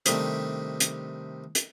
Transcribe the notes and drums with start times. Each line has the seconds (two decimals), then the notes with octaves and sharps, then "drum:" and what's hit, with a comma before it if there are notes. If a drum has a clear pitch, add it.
0.06 C3 D#3 G3 A3 D4, drum: hi-hat
0.80 drum: hi-hat
1.55 drum: hi-hat